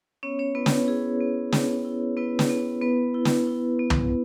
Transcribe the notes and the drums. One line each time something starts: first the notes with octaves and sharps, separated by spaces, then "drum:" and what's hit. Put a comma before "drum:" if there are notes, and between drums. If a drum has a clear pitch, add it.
B3 C#4 C#5
C#4 C#5
B3 E4 B4
drum: snare
E4 G#4
B3
B3, drum: snare
E4
B3 E4 B4
drum: snare
B3
B3 B4
E4
drum: snare
E4
B3
drum: tom